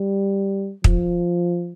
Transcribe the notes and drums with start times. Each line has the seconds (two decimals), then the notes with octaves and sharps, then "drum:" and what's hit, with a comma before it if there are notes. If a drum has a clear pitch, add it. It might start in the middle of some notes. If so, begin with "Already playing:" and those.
Already playing: G3
0.84 F3, drum: kick